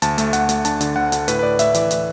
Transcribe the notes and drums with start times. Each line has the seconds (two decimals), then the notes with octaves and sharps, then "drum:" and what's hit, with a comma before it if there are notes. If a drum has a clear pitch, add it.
0.02 D2 A5, drum: hi-hat
0.18 A3, drum: hi-hat
0.33 D2 F#5, drum: hi-hat
0.49 A3, drum: hi-hat
0.65 D4 A5, drum: hi-hat
0.81 D3, drum: hi-hat
0.96 D2 F#5
1.12 D3, drum: hi-hat
1.28 A2 B4, drum: hi-hat
1.39 B4
1.43 A2 D5
1.59 A2 E5, drum: hi-hat
1.74 E3 D5, drum: hi-hat
1.91 A2, drum: hi-hat